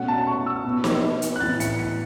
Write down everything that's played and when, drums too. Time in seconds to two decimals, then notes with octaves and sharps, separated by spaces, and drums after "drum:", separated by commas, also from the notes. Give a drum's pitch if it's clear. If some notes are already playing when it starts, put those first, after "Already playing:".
Already playing: B2 A3 C#4 F#5
0.08 A5
0.27 C#6
0.46 E6
0.65 B2 B3
0.84 drum: snare
1.22 drum: hi-hat
1.36 F#6
1.40 A2 E3 B3 A6
1.60 C#7, drum: hi-hat
1.79 C#7